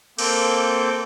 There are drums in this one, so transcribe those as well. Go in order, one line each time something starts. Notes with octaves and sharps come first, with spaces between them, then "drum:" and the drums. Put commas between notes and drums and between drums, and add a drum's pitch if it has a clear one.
A#3 C4 A4 D6 G6, drum: cymbal